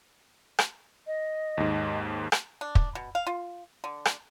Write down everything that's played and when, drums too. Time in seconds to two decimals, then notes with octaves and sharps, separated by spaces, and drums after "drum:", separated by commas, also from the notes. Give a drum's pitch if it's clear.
0.59 drum: rim click
1.07 D#5
1.58 D#2 G#2
2.32 drum: rim click
2.61 D4
2.75 drum: kick
2.95 B2
3.15 F5
3.27 F4
3.84 D3
4.05 drum: rim click